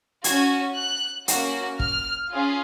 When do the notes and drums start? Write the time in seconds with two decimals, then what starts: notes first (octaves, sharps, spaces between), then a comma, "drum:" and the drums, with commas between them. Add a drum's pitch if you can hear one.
0.24 C#4 F#4 G#6, drum: hi-hat
0.76 F#6
1.28 A#3 C#4 F#4, drum: hi-hat
1.80 F6, drum: kick
2.31 C#4 F4 G#4